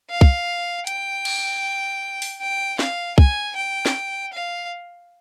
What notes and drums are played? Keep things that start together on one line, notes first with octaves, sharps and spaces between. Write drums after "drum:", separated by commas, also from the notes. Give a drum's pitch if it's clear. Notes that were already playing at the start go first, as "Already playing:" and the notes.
F5
drum: kick C2
G5, drum: hi-hat
drum: cymbal
drum: open hi-hat
G5
F5, drum: snare
G#5, drum: kick C2
G5
drum: snare
F5